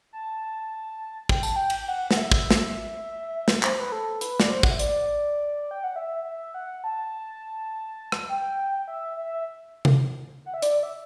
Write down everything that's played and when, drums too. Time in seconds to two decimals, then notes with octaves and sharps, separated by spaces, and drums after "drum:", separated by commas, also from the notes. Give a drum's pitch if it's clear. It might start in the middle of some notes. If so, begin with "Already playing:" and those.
0.13 A5
1.29 G5, drum: kick
1.43 A5, drum: tambourine
1.56 G5
1.70 drum: cymbal
1.88 F#5
2.11 F#5, drum: snare
2.17 E5
2.32 drum: kick
2.51 drum: snare
3.48 drum: snare
3.63 C5, drum: clap
3.80 B4
3.92 A4
4.21 B4, drum: hi-hat
4.40 D5, drum: snare
4.50 C5
4.63 F#5, drum: kick
4.71 E5
4.79 D5, drum: hi-hat
5.71 G5
5.84 F#5
5.96 E5
6.25 E5
6.54 F#5
6.84 A5
8.12 drum: rim click
8.29 G5
8.88 E5
9.17 E5
9.85 drum: tom C3
10.46 F#5
10.54 E5
10.62 D5, drum: hi-hat
10.83 E5